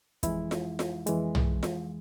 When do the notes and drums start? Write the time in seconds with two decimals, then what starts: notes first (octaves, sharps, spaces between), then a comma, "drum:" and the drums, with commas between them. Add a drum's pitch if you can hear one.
0.23 F2 E3 G#3 E4, drum: kick, hi-hat
0.51 drum: snare F4
0.79 drum: snare F4
1.07 F2 E3 G#3, drum: hi-hat
1.35 drum: tom
1.63 drum: snare F4